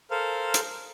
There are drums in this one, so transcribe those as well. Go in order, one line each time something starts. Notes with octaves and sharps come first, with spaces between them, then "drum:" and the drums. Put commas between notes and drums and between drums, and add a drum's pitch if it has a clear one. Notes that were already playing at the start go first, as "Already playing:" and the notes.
A4 A#4 C5 F5
drum: hi-hat